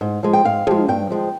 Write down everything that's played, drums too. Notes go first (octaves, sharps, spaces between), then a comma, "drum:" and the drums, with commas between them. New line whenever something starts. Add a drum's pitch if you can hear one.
G#2
F3 G#3
G5
G#2 F5
F3 G#3, drum: tom
G2 G5
F3 G#3